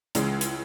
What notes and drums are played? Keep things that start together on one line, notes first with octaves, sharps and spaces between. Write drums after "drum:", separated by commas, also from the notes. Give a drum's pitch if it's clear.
C#2 C#3 E3 G#3, drum: hi-hat
drum: hi-hat